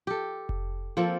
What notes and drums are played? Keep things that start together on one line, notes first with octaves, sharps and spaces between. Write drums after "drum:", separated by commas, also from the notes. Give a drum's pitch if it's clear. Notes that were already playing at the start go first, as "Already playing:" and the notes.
G4 A4
drum: kick F1
F3 A#3 C4 A4